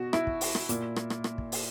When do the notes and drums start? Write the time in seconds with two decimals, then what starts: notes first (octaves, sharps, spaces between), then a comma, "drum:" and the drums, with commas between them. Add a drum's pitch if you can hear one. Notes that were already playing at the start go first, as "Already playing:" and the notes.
Already playing: B2 F#4
0.13 E4, drum: rim click
0.27 drum: kick
0.41 drum: open hi-hat
0.55 drum: rim click
0.69 A#2, drum: hi-hat
0.96 drum: rim click
1.10 drum: rim click
1.24 drum: rim click
1.38 drum: kick
1.52 drum: open hi-hat